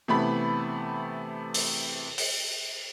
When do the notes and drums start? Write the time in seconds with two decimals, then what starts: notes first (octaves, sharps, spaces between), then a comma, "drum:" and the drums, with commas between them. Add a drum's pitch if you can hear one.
0.08 C3 E3 A3 B3 B5
1.54 drum: open hi-hat
2.18 drum: open hi-hat